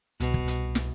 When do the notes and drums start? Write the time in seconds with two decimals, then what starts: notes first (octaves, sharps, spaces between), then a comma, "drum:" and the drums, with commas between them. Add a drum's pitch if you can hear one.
0.20 C2 B2, drum: hi-hat
0.34 drum: kick
0.48 drum: hi-hat
0.75 drum: snare